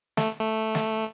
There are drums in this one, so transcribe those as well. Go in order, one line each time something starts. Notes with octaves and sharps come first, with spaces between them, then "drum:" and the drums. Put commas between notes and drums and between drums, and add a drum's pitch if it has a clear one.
A3, drum: snare
A3
drum: snare